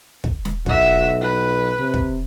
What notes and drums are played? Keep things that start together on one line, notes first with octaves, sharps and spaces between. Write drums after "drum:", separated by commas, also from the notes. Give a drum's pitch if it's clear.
drum: kick
drum: snare
B1 F#4 E5, drum: kick
B4
C3
drum: kick